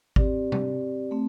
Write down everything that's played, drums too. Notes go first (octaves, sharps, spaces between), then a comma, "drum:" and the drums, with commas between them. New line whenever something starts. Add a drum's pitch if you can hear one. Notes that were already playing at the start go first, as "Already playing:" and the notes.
C4 G4 D5, drum: kick G#1
drum: tom C3
A3 C4